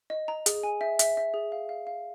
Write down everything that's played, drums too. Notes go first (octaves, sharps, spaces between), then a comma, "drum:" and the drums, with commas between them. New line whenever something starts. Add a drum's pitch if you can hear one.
D#5
A#5
G#4, drum: hi-hat
G#5
E5
E5, drum: hi-hat
E5
G#4
F5
F5
F5